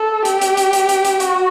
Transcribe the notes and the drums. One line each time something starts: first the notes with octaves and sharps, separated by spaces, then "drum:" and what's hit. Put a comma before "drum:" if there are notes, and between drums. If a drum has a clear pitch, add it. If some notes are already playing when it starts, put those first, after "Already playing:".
Already playing: A4
G4, drum: hi-hat
drum: hi-hat
drum: hi-hat
drum: hi-hat
drum: hi-hat
drum: hi-hat
F#4, drum: hi-hat